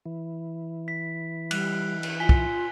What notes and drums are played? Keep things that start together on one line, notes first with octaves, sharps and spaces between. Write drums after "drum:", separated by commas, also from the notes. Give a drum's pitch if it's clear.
E3
B6
G3 F#6, drum: cymbal
drum: cymbal
F4 G#5 B6 G7
drum: kick